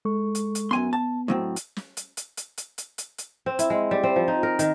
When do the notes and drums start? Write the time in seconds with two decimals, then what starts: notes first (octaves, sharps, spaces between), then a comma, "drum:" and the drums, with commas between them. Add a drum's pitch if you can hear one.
0.05 G#3 A4 C#6
0.35 drum: hi-hat
0.55 drum: hi-hat
0.71 F#2 B3 G#5 C6
0.93 A5
1.28 A2 F#3 C4
1.56 drum: hi-hat
1.76 drum: snare
1.97 drum: hi-hat
2.17 drum: hi-hat
2.37 drum: hi-hat
2.58 drum: hi-hat
2.78 drum: hi-hat
2.98 drum: hi-hat
3.18 drum: hi-hat
3.46 C4
3.59 E4, drum: hi-hat
3.70 G#3
3.91 G3
4.04 C4
4.16 F3
4.28 D#4
4.43 A#4
4.59 D#3, drum: hi-hat